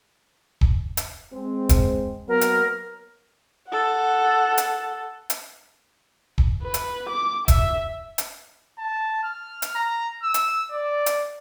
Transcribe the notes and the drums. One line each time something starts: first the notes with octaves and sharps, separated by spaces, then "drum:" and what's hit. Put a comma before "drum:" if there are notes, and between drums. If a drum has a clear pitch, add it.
drum: kick
drum: hi-hat
G#3 C4
drum: kick, hi-hat
F#3 A#3 B3 A#4
drum: hi-hat
A4 F#5
drum: hi-hat
drum: hi-hat
drum: kick
B4
drum: hi-hat
D6
E5, drum: kick, hi-hat
drum: hi-hat
A5
F6
drum: hi-hat
A#5
E6
drum: hi-hat
D5
drum: hi-hat